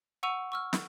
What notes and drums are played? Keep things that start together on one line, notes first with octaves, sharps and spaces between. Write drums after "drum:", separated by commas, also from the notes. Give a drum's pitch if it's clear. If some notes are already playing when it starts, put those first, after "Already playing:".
F#5 C#6 E6 D#7 F7
C#6 E6 F6
drum: snare